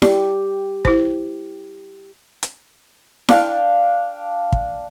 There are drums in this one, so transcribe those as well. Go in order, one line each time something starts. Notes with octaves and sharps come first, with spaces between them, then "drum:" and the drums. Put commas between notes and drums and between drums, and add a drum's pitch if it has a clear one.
G4 D5, drum: snare E4
E4 C5, drum: kick
drum: hi-hat
D4 F5 G5, drum: snare E4
drum: kick